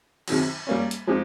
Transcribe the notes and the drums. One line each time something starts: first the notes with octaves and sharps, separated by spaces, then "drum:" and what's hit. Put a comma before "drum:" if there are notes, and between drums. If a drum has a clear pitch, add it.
C3 D#3 F#3, drum: cymbal
G3 A#3 C#4
drum: hi-hat
F3 G#3 C4 D#4 G4